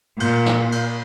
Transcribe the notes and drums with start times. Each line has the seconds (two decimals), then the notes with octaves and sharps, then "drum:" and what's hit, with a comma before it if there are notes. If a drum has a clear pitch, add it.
0.20 A#2, drum: cymbal
0.46 drum: snare
0.72 drum: cymbal